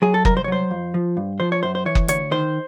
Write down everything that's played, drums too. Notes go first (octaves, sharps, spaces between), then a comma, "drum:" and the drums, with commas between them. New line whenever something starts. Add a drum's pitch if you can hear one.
F#3 G#4
A4
C2 A#4, drum: kick F#1
C5
C#5
F#3 C5
F2
F3
G2
F3 C5
C#5
F#2 C5
C5
E3 C#5
drum: kick F#1
D2 C#5, drum: hi-hat
D#3 C5